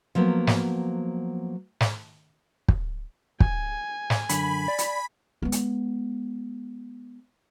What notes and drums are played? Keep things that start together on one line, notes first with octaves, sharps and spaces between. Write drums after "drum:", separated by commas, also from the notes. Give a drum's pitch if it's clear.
F3 F#3 A#3 B3
drum: snare
drum: snare
drum: kick
G#5, drum: kick
drum: snare
F#2 D3 B5, drum: hi-hat
D5
drum: hi-hat
G#3 B3
drum: hi-hat